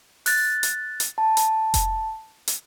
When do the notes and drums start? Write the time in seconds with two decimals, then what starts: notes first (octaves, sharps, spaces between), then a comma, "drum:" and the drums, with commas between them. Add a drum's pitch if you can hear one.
0.26 F#6 A6, drum: open hi-hat
0.63 drum: hi-hat
1.00 drum: hi-hat
1.18 A5
1.37 drum: hi-hat
1.74 drum: kick F1, hi-hat
2.48 drum: hi-hat